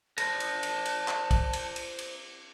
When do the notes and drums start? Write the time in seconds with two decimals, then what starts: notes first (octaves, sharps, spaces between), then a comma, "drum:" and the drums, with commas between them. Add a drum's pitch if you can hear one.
0.18 A#4 C5 A5 A#6, drum: cymbal
0.40 drum: cymbal
0.63 drum: cymbal
0.85 drum: cymbal
1.08 drum: clap
1.31 drum: kick, cymbal
1.53 drum: cymbal
1.76 drum: cymbal
1.99 drum: cymbal